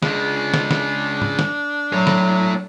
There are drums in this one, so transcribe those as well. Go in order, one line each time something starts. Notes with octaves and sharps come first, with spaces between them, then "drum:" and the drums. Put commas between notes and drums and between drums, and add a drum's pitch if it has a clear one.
C#3 G#3 D4, drum: snare
drum: snare
drum: snare
drum: tom
drum: snare
F#3 A3 C#5
drum: snare